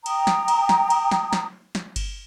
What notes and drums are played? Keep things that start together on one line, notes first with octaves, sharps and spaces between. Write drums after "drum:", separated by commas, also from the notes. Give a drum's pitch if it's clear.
G5 A#5 D#6, drum: cymbal
drum: snare
drum: cymbal
drum: snare
drum: cymbal
drum: snare
drum: snare
drum: snare
drum: kick G1, cymbal